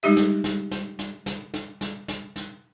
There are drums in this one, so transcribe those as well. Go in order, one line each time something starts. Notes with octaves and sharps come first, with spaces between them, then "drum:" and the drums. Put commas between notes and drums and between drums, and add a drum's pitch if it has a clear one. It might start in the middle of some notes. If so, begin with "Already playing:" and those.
G3 G#3 D#4 G4 E5
drum: snare
drum: snare
drum: snare
drum: snare
drum: snare
drum: snare
drum: snare
drum: snare
drum: snare